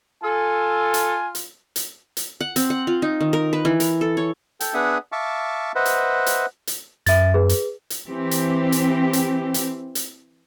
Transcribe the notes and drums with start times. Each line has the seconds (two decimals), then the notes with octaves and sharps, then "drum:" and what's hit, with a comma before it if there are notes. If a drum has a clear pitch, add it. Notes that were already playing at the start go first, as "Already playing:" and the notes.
0.23 F4 A4 G#5
0.94 drum: hi-hat
1.35 drum: hi-hat
1.76 drum: hi-hat
2.17 drum: hi-hat
2.40 F#5
2.56 C4, drum: hi-hat
2.70 F#5
2.87 F4
3.02 D#4
3.21 D#3
3.33 A#4
3.53 B4
3.65 E3
3.80 A#4, drum: hi-hat
4.01 A4
4.17 C#5
4.60 A4 G5, drum: hi-hat
4.74 B3 D4 G#4 E5 F#5 D#6
5.12 E5 F5 A5 C#6 D6
5.75 B4 C5 D#5 E5 F#5
5.85 drum: hi-hat
6.26 drum: hi-hat
6.67 drum: hi-hat
7.06 F#2 E5 A6, drum: hi-hat
7.34 G#4 B4
7.49 drum: hi-hat
7.90 drum: hi-hat
8.07 E3 C4 G4
8.31 drum: hi-hat
8.72 drum: hi-hat
9.13 drum: hi-hat
9.54 drum: hi-hat
9.95 drum: hi-hat